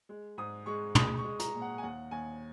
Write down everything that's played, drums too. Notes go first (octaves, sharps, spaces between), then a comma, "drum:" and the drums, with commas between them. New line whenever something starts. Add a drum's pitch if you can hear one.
G#3
G#2 D#6
G#3 C#6
G#3 D#6, drum: tom
C#6
G#3
A#5, drum: hi-hat
A#2
F#5
G#5
D#2 F#5
D#2 G#5